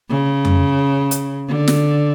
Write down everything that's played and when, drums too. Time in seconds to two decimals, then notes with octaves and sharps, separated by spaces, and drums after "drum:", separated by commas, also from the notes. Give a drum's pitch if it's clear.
0.10 C#3
0.45 drum: tom F2
1.11 drum: hi-hat
1.48 D3
1.68 drum: snare